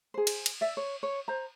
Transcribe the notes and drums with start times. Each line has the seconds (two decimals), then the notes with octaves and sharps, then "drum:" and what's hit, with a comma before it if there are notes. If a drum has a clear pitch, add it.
0.14 G#4 C5
0.27 drum: cymbal
0.46 drum: cymbal
0.61 D5 E5
0.77 C#5
1.03 C#5
1.28 C5 A#5